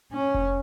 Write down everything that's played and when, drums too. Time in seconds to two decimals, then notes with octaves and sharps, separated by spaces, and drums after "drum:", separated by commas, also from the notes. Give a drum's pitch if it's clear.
0.13 C#4
0.34 drum: kick F1